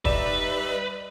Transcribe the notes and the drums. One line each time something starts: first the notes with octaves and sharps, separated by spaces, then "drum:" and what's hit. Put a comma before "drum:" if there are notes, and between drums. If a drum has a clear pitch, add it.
G3 D#4 B4 D5 E5 E7, drum: kick